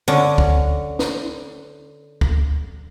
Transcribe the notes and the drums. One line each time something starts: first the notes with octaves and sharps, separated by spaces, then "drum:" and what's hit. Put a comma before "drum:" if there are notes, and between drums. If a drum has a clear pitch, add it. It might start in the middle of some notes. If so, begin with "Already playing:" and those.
D3 C#4
drum: kick
drum: snare
drum: kick